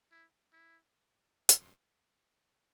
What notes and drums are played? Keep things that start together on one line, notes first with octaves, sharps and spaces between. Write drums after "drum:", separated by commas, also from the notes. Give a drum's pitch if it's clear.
E4
E4
drum: hi-hat